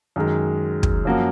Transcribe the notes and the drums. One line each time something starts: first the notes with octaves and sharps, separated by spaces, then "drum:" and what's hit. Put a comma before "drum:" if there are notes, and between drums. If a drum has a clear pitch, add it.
F#2 D#3 G#3
drum: kick
F#2 F3 A#3 C#4 F#4